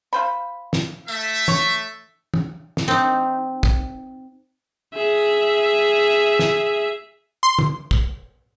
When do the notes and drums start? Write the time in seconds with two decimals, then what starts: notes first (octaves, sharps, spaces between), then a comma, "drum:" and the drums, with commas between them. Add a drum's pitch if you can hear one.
0.13 F4 C5 B5
0.73 drum: snare
1.08 A3 E5, drum: tambourine
1.48 C#5, drum: tom
2.34 drum: tom
2.77 drum: snare
2.88 C4 D#4
3.63 drum: kick
4.94 G#4 E5
6.39 drum: snare
7.43 C6
7.59 drum: tom
7.91 drum: kick